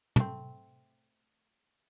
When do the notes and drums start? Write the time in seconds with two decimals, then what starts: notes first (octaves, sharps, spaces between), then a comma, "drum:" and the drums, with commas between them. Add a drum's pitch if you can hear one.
0.16 A3 C4, drum: tom